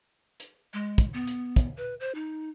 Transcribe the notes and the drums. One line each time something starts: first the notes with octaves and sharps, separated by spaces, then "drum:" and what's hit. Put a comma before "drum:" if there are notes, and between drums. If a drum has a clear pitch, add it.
drum: hi-hat
G#3
drum: kick, hi-hat
B3
drum: hi-hat
drum: kick, hi-hat
B4
C5
D#4